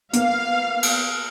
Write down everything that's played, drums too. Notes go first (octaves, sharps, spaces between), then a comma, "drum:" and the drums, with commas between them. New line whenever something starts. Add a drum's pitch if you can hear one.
A#3 B3 F5, drum: hi-hat
drum: cymbal